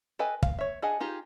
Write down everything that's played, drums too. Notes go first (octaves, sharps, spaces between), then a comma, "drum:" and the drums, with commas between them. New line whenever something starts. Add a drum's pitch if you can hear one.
A4 B4 D#5 G5 G#5
F5, drum: kick
C#5 E5
D4 G#4 D#5 F#5 G#5
D#4 F4 G4 G#4